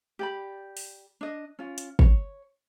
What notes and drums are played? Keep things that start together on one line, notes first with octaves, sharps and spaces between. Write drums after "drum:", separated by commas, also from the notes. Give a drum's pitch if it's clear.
G4 D5 B5
drum: open hi-hat
D4 D#5
C#4 F4
drum: hi-hat
C#5, drum: kick